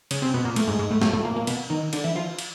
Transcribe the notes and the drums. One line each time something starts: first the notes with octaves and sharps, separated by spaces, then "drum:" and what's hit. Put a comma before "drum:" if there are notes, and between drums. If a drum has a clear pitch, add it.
C#3 C#4, drum: cymbal
C3 C4
B2 B3
A#2 A#3
A2 A3, drum: cymbal
G#2 G#3
G#2 G#3
A2 A3
A2 A3, drum: snare
A2 A3
A#2 A#3
A#2 A#3
B2 B3, drum: cymbal
D#3 D#4
D3 D4, drum: cymbal
E3 E4
F3 F4
drum: cymbal